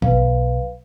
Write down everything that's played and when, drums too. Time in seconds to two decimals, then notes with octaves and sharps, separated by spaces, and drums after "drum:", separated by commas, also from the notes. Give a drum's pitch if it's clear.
0.02 B1 B4 F5, drum: kick